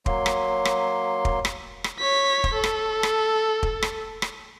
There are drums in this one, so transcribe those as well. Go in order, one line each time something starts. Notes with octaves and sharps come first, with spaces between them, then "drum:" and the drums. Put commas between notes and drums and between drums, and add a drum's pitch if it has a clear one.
F#3 A#3 C6, drum: kick
drum: rim click
drum: rim click
drum: kick
drum: rim click
drum: rim click
C#5 B6
drum: kick
A4
drum: rim click
drum: rim click
drum: kick
drum: rim click
drum: rim click